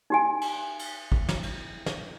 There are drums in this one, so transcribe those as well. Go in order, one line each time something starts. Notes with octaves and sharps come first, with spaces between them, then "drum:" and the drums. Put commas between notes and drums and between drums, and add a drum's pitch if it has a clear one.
D#4 G4 G#5
drum: cymbal
drum: cymbal
drum: kick
drum: snare
drum: cymbal
drum: snare